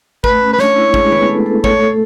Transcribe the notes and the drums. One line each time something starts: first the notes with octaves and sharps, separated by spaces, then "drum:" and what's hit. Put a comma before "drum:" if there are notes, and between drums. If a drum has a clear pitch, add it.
A3 B4, drum: kick
C#4
B4
D4 C#5, drum: snare
E4
G#3 G#4, drum: kick
B3 B4, drum: tom D#3
A3 A4
A3 A4
A3 A4 C#5, drum: kick
A3 A4